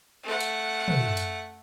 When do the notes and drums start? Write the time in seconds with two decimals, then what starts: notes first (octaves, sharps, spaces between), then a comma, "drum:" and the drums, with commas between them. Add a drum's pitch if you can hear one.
0.23 A3 F#5
0.40 drum: hi-hat
0.88 drum: tom
1.17 drum: hi-hat